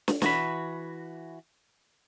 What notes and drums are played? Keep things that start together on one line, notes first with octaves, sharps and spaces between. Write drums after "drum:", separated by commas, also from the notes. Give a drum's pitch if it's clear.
drum: snare
E3 F#4 B5, drum: snare